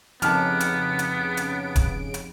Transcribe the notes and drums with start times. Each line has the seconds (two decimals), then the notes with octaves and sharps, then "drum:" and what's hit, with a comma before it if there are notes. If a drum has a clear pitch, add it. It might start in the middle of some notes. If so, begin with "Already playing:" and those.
0.22 F2 C#3 B3 D#4 G4 A5 F6 D7, drum: hi-hat
0.60 drum: hi-hat
0.99 drum: hi-hat
1.37 drum: hi-hat
1.76 drum: kick D#1, hi-hat
2.14 drum: hi-hat